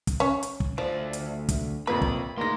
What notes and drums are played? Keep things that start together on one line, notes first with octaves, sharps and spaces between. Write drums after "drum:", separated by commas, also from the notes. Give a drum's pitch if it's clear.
drum: kick, hi-hat
C#4 C#5
drum: hi-hat
drum: kick
D2 F3 D5
drum: hi-hat
drum: kick, hi-hat
A#1 F2 A#3 B4 B5
drum: kick
A3 A#3 D#4 C6 A#6